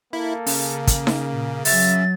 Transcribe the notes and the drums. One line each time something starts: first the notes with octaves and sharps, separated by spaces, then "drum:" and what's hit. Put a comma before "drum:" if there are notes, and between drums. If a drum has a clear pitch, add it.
A#3 E4 A4
C#3, drum: open hi-hat
drum: kick, hi-hat
drum: snare D#4
A#2
F#3 E5 A6, drum: open hi-hat